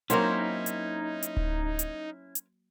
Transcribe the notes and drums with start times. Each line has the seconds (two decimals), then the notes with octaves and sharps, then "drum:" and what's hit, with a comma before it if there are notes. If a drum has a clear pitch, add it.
0.10 F#3 A#3 C4 C#4 D#4 E4 A#4 C5, drum: hi-hat
0.66 drum: hi-hat
1.23 drum: hi-hat
1.37 drum: kick D1
1.79 drum: hi-hat
2.35 drum: hi-hat